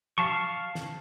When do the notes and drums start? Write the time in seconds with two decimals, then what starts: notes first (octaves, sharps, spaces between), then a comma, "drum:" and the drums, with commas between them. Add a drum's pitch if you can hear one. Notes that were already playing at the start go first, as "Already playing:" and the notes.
0.18 F5 A5 C#6, drum: tom F3
0.75 drum: snare